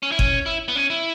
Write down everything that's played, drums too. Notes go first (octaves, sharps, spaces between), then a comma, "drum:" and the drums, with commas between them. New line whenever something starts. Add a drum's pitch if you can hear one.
C#4
E4
C#4, drum: kick G1
E4
B3
C#4
E4